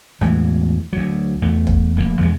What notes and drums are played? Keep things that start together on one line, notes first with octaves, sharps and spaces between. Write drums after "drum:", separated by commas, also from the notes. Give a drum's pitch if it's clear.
E2 A2 E3 G#3, drum: rim click
D2 F#3
E2 A3
drum: kick
F1 F#2 A#3
E2 C3 G#3